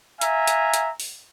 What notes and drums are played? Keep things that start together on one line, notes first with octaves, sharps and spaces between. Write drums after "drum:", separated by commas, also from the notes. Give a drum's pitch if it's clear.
E5 F5 G#5 A#5, drum: hi-hat
drum: hi-hat
drum: hi-hat
drum: open hi-hat